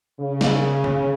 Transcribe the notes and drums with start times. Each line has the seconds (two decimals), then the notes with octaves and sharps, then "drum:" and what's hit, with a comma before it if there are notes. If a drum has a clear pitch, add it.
0.19 C#3
0.41 drum: snare
0.84 drum: tom C#3